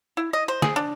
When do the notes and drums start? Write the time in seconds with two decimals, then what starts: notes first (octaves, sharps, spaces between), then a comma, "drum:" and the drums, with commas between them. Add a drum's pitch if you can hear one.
0.17 E4
0.33 D#5
0.48 C5
0.62 G#4, drum: snare
0.76 D4